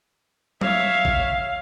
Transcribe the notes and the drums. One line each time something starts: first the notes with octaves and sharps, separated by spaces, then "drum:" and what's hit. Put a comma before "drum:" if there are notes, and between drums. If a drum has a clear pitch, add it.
C#5 E5 F5, drum: tom F#3
drum: kick G#1